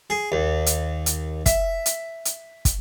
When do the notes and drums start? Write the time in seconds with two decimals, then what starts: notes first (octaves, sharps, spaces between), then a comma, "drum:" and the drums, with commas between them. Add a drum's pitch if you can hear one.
0.10 G#4
0.32 D#2
0.66 drum: hi-hat
1.06 drum: hi-hat
1.46 E5, drum: kick, hi-hat
1.86 drum: hi-hat
2.25 drum: hi-hat
2.65 drum: kick, hi-hat